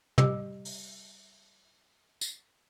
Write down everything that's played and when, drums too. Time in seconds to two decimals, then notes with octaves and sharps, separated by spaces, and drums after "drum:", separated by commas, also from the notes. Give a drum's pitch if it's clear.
0.18 G3 G4, drum: tom
0.65 drum: open hi-hat
2.21 drum: tambourine